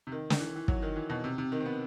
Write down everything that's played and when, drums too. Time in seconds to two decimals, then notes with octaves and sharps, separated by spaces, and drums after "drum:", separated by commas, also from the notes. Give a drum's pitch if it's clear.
0.07 C3
0.12 D#3
0.30 drum: snare
0.40 E3
0.56 E3
0.68 F#3, drum: kick
0.82 D#3
0.96 E3
1.10 B2
1.24 C3
1.38 C3
1.52 D#3
1.60 C4
1.66 B3